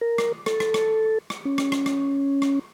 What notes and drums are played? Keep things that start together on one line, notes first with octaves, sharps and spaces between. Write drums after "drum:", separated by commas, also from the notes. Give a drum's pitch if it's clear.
A#4
drum: rim click
A4, drum: rim click
drum: rim click
drum: rim click
drum: rim click
C#4
drum: rim click
drum: rim click
drum: rim click
drum: rim click